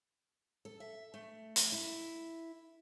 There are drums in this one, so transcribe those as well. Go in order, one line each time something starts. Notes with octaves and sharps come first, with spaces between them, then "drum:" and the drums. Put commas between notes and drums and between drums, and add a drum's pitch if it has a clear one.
A4
E5
A3
drum: hi-hat
E4